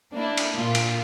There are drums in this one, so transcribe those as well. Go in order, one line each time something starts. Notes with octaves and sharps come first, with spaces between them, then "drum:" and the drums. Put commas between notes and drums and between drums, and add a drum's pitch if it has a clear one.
A#3 D4 E4
drum: cymbal
A#2 F4
drum: cymbal